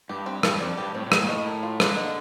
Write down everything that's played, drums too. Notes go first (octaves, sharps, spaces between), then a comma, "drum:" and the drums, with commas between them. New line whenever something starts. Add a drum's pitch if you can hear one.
G2 G4
C4
G2 F3, drum: rim click
F2 D5
G2 G4
A2 C4
A#2
A#3, drum: rim click
A2
D#5
A#4
F4
D3 A#3, drum: rim click
D#5